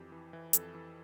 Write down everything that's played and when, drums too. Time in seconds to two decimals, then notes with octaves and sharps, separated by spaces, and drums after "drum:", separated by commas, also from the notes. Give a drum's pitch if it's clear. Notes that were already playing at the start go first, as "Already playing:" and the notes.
Already playing: F2 E3 G4
0.12 E3
0.33 E3
0.53 F2 A4, drum: hi-hat
0.75 E3